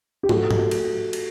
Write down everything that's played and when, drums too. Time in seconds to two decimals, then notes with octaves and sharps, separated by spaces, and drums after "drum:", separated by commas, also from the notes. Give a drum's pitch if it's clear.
0.23 G4
0.29 A3 F#4, drum: tom
0.51 drum: tom G#2
0.71 drum: cymbal
1.13 drum: cymbal